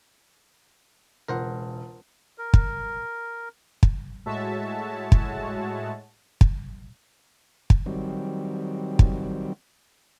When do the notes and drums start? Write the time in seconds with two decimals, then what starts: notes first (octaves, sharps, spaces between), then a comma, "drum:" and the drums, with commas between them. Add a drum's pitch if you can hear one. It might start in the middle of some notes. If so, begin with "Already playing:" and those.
1.28 E1 C#2 A#4 C5 F#5
2.38 A#4
2.54 drum: kick
3.83 drum: kick
4.26 A2 G#3 F#4 C#5 E5 A5
5.12 drum: kick
6.41 drum: kick
7.70 drum: kick
7.86 D#3 F#3 G3 C4
8.99 drum: kick